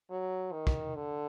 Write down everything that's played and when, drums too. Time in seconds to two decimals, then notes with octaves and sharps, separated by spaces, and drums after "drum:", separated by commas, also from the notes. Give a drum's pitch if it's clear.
0.10 F#3
0.52 D#3
0.67 drum: kick
0.95 D3